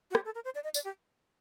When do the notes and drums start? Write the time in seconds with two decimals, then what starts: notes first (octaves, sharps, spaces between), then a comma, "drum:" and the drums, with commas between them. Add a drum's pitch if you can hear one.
0.11 F#4
0.15 G4, drum: rim click
0.25 A4
0.35 A#4
0.44 C5
0.55 D5
0.64 D#5
0.74 D5, drum: tambourine
0.84 G4